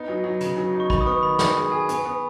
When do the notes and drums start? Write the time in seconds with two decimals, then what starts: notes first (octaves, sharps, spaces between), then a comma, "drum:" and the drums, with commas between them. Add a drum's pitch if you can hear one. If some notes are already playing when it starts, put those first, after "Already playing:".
Already playing: B3 D#4
0.08 F#3
0.24 F#3
0.40 C#3, drum: hi-hat
0.57 F#3
0.74 D#4
0.80 C#6
0.90 D#3 B5, drum: kick
1.01 D#6
1.06 B3 C#6
1.23 D#3 B5
1.39 D#3 B5, drum: snare
1.55 G#4 B5
1.72 G#4 G#5
1.89 B3 G#5, drum: hi-hat
2.05 B3